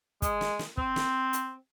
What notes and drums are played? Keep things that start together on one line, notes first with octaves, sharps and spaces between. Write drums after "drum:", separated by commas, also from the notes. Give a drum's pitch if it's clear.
G#3, drum: kick, hi-hat
drum: snare
drum: snare
C4, drum: kick
drum: snare
drum: hi-hat